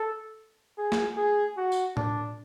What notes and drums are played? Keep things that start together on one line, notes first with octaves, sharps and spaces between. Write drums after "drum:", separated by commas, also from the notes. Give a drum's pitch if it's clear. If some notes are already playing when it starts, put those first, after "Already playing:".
Already playing: A4
G#4
drum: snare
G#4
F#4
drum: tambourine
D4, drum: tom A2